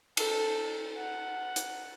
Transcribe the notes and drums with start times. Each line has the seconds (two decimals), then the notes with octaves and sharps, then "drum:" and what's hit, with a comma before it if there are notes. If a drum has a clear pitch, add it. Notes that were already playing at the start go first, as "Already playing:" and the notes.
0.17 A4, drum: cymbal
0.98 F#5
1.56 drum: hi-hat